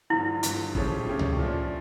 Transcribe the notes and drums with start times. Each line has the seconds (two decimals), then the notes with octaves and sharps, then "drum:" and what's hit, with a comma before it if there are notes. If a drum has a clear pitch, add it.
0.10 G2 D3 F3 E4
0.43 G2 D3 F3, drum: hi-hat
0.75 C#3 F3 A3 C#4 G4, drum: kick
1.07 C#3 F3 A3 C#4 G4
1.19 drum: tom C#2
1.38 A#2 F3 A3 D4